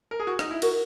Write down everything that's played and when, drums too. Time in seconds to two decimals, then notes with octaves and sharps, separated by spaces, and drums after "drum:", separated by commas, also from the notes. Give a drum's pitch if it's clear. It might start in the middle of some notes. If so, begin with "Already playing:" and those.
0.11 A#4
0.20 G#4
0.27 F#4
0.39 D#4, drum: rim click
0.51 E4
0.62 F#4 A#4, drum: cymbal